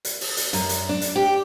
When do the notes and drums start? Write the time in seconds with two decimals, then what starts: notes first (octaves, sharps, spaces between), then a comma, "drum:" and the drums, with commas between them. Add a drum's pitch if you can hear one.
0.05 drum: hi-hat
0.21 drum: open hi-hat
0.37 drum: hi-hat
0.53 F#2, drum: hi-hat
0.69 drum: hi-hat
0.89 D4
1.02 drum: hi-hat
1.16 G4